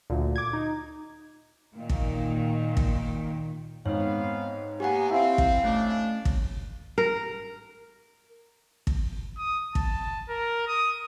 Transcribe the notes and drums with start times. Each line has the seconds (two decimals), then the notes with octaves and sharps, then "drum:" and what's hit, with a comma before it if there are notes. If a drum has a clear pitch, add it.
0.10 D2 A#2
0.36 D6 G#6
0.53 D#4
1.74 A#2 D#3
1.89 drum: kick
2.77 drum: kick
3.86 G#2 B3 C4 C#5 F5
4.80 A#3 B3 G4 F#5 G#5
5.11 C4 E4 F5
5.38 drum: kick
5.64 A3 C#4 D4
6.25 drum: kick
6.98 A#4
8.87 drum: kick
9.37 D#6
9.75 A5, drum: kick
10.28 A#4
10.67 D#6